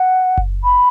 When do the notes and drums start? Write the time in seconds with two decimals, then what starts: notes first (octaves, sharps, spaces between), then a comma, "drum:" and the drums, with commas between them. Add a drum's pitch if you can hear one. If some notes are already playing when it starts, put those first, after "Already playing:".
Already playing: F#5
0.38 drum: kick F#1
0.63 B5